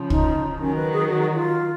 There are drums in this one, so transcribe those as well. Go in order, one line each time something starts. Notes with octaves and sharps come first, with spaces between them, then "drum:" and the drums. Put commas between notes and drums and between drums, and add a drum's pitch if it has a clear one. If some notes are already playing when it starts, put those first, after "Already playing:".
Already playing: C#3 F3
D#4, drum: kick
D#3 F#3 C#4
B4
G#4
F#4
F4